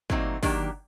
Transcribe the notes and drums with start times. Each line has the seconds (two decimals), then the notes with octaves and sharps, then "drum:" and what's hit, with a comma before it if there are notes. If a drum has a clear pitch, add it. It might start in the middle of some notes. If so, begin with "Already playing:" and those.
0.10 A#2 F#3 A3 C4 D#4, drum: kick
0.43 D#3 F#3 A#3 D4 G4, drum: kick, open hi-hat